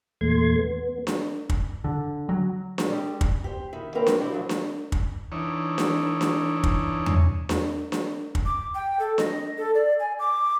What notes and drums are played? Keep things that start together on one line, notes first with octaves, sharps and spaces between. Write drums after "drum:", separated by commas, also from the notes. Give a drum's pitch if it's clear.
E2 A#2 A3 C6 G#6
B3
drum: snare D4
drum: kick
D3
F#3
drum: snare D4
G3 G#3 G4
drum: kick
G4 C5
D#3 E4
D#2 D3 C4 A#4 B4 G5
drum: snare D4
E4 F#4 G4 C5
F3 F#3
drum: snare D4
drum: kick
E3 D4 D#4 C#5
drum: snare D4
drum: snare D4
drum: kick
drum: tom E2
drum: snare D4
drum: snare D4
drum: kick
D6
G5
A4
D#5, drum: snare D4
A4
D5
G#5
D6